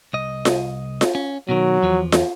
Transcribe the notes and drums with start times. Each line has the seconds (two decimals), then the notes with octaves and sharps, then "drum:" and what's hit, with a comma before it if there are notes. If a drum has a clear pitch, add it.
0.13 C2 D#5
0.45 drum: snare F4
1.01 drum: snare F4
1.15 C#4
1.49 B2 D#3 F#3
1.82 E2 F3
2.12 drum: snare F4